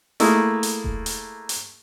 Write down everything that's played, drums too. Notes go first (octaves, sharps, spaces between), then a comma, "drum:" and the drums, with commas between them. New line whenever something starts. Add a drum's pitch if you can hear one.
A3 A#3 E4 G#4, drum: hi-hat
drum: hi-hat
drum: kick E1
drum: hi-hat
drum: hi-hat